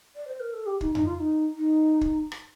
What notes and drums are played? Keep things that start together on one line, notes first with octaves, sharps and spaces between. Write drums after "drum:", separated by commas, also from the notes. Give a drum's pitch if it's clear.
D5
C5
A#4
A4
G4
D#4, drum: kick
D#4, drum: tom F2
F4
F4
D#4
D#4
drum: kick
drum: rim click